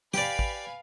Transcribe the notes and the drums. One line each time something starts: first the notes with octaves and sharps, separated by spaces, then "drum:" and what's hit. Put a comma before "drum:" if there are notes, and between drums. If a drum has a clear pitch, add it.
G4 B4 D5 F5 G#5, drum: snare
drum: kick